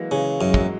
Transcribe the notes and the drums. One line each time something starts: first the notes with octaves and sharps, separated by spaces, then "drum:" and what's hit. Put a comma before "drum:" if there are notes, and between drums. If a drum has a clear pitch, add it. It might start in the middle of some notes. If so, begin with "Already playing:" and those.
Already playing: E3 F#3 G#3 A#3
C#3 E3
F#2
G#3
F#3, drum: kick